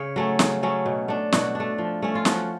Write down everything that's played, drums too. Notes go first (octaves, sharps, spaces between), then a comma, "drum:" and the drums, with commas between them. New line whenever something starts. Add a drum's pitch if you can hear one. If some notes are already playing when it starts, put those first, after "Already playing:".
Already playing: C#3 C#5
F#3 A3 C#4
C#3, drum: snare
F#3 A3 C#4
B2
A3 D4
B2 F#4, drum: snare
A3 D4
F3
A3 C#4
F4
F3 F#4, drum: snare